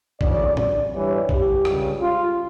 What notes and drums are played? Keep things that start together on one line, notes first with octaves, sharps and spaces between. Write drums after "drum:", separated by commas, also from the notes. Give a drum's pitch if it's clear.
D2 C#3 E3 D5, drum: kick
drum: tom A2
G2 E3 G3 C#5
G4, drum: kick
C#2 C#3 G3, drum: rim click
F4